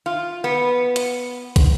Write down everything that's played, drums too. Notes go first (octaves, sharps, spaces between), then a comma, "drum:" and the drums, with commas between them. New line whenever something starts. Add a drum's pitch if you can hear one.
F4
B3
drum: hi-hat
drum: kick, hi-hat